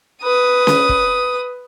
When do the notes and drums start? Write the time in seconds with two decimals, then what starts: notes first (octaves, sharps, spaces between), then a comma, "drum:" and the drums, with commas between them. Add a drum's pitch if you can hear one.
0.23 B4 D#6
0.67 drum: snare C#4
0.89 drum: kick